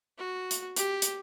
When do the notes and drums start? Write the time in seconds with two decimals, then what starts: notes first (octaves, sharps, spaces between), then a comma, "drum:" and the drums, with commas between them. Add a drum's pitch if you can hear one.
0.18 F#4
0.51 drum: hi-hat
0.76 G4, drum: hi-hat
1.02 drum: hi-hat